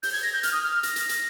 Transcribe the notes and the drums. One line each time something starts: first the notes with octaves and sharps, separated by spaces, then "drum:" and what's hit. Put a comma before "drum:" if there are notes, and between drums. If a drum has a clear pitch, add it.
G6, drum: open hi-hat
G#6
A#6
G6
F6, drum: hi-hat
D#6
F6
F6
A#6, drum: hi-hat
drum: hi-hat
drum: hi-hat